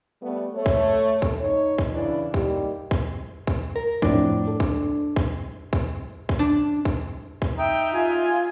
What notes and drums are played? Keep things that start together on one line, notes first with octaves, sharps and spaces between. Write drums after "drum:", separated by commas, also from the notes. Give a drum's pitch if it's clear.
G3 A3 B3
A3 C#5
drum: kick
drum: kick
D#4 C#5
drum: kick
C#3 E3 D4 E4
G3 A#3 D#4 G4, drum: kick
drum: kick
drum: kick
A#4
F2 A2 A3 D4, drum: kick
A4
drum: kick
drum: kick
drum: kick
drum: kick
D4
drum: kick
drum: kick
D#4 E5 G5
F4 G#5